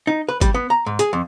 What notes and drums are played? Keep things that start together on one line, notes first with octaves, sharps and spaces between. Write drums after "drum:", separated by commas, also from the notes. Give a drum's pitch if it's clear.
D#4
B4
G3, drum: kick G1, hi-hat
B3
A#5
G#2
G#4, drum: hi-hat
F2